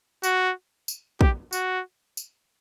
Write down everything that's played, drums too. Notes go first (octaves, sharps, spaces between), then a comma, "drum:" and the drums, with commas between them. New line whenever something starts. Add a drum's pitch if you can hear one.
F#4, drum: tambourine
drum: tambourine
G4, drum: kick
F#4, drum: tambourine
drum: tambourine